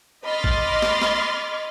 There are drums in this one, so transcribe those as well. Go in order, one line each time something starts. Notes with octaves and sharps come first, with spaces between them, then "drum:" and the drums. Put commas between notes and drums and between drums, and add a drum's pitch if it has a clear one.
D#5 B5 C6 D6 F6 A6
drum: kick
drum: snare
drum: snare